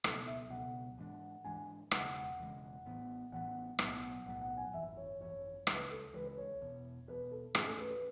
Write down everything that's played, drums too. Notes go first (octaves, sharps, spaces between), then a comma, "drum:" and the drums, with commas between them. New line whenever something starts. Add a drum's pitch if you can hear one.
C#2 B2 F#3 B3 A4, drum: rim click
E5
C#2 B2 F#3 B3 F#5
G#2 E3 G#3 D4
G#2 E3 G#3 D4 G#5
E1 E2 C#3 G#3 F#5, drum: rim click
F#5
E1 E2 C#3 G#3
A1 A2 E3 B3
A1 A2 E3 B3 F#5
B1 A2 F#3 B3, drum: rim click
B1 A2 F#3 B3 F#5
F#5
G#5
G#1 F#2 E3 E5
C#5
G#1 F#2 E3 C#5
C#2 C#3 E3 G#3 B4, drum: rim click
A4
C#2 C#3 E3 G#3 B4
B4
C#5
E1 E2 B2
E1 E2 B2 B4
A4
G#2 E3 A3 C#4 G#4, drum: rim click
A4
B4
B4